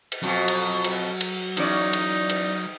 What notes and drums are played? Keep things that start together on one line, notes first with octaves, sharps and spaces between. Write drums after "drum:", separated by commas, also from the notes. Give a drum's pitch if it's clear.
drum: cymbal
F2 B2 F#3
drum: cymbal
drum: cymbal
drum: cymbal
E2 C#4 D#4 D5, drum: cymbal
drum: cymbal
drum: cymbal